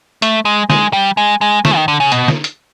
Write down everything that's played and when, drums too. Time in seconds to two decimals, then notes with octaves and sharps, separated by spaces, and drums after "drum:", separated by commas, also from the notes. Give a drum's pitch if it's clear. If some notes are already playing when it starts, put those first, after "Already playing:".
0.22 A3, drum: hi-hat
0.45 G#3
0.70 G#3, drum: snare
0.93 G3
1.17 G#3
1.41 G#3
1.65 A3, drum: snare
1.76 D#3
1.88 D3
2.00 C#3
2.12 B2, drum: hi-hat
2.28 drum: snare
2.44 drum: hi-hat